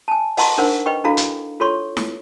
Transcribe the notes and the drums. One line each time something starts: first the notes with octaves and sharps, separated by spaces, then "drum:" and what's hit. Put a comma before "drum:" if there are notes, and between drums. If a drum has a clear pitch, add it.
G#5 A5
D#5 F#5 A5 A#5 C6 C#6, drum: open hi-hat
D4 D#4 A#4 C5 F#5
B4 D#5 G5 C#6
D4 E4 F#4 A4 F5 A#5
drum: hi-hat
F4 A4 C#5 C6 C#6
drum: snare E4